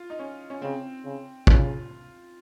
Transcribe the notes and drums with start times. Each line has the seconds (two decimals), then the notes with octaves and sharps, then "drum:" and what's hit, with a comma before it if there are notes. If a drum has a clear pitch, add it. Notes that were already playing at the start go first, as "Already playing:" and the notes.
Already playing: F4
0.10 D#4
0.19 C#4
0.50 C#4
0.62 C#3 C4
1.05 C#3
1.47 C#3 F4, drum: kick